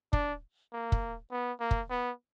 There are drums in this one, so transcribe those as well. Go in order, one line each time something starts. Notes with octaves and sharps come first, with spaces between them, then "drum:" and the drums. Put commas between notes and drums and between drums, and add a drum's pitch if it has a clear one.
D4, drum: kick
A#3
drum: kick
B3
A#3
drum: kick
B3